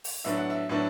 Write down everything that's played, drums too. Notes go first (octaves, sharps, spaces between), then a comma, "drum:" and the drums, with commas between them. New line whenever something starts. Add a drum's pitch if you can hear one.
drum: open hi-hat
A2 F#3 B3 D4 E5
F#5
E5
A2 F#3 B3 D4 E5